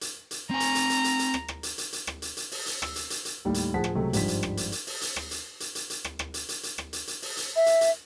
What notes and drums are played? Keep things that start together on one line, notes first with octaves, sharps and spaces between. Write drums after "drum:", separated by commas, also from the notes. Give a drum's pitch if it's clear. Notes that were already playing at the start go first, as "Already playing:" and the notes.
drum: hi-hat
drum: hi-hat
C4 G#5 A#5
drum: hi-hat
drum: hi-hat
drum: hi-hat
drum: hi-hat
drum: hi-hat
drum: rim click
drum: rim click
drum: hi-hat
drum: hi-hat
drum: hi-hat
drum: rim click
drum: hi-hat
drum: hi-hat
drum: open hi-hat
drum: hi-hat
E6, drum: rim click
drum: hi-hat
drum: hi-hat
drum: hi-hat
D#2 A2 G3
drum: hi-hat
D1 F3 G#4 F#5 A5 B6
drum: rim click
C#2 C3 F#3 A3
G#1 G2 F3 G3 B6, drum: hi-hat
drum: hi-hat
drum: rim click
drum: hi-hat
drum: hi-hat
drum: open hi-hat
drum: hi-hat
drum: rim click
drum: hi-hat
drum: hi-hat
drum: hi-hat
drum: hi-hat
drum: rim click
drum: rim click
drum: hi-hat
drum: hi-hat
drum: hi-hat
drum: rim click
drum: hi-hat
drum: hi-hat
drum: open hi-hat
drum: hi-hat
E5
drum: hi-hat
drum: hi-hat